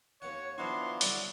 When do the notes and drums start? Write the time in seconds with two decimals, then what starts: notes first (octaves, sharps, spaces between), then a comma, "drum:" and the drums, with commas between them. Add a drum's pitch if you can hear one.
0.22 D#2 C#5 F#5
0.58 F3 B3 D4 E4 F#4 C6
1.01 D3 F#3 G3 D5, drum: open hi-hat